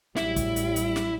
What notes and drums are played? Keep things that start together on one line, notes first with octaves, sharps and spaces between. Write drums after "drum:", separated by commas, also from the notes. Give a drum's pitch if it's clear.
A1 F#3 G3 E4, drum: snare
drum: kick, hi-hat
drum: hi-hat
drum: hi-hat
drum: snare